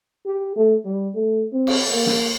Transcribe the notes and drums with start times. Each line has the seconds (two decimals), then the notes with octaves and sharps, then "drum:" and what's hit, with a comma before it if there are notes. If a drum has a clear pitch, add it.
0.26 G4
0.56 A3
0.85 G3
1.15 A3
1.53 C4
1.67 drum: cymbal
1.90 A#3
2.06 drum: snare